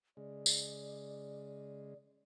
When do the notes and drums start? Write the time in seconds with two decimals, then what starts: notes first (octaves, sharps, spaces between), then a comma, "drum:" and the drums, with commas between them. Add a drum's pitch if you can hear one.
0.17 C#3 G#3 D5
0.46 drum: tambourine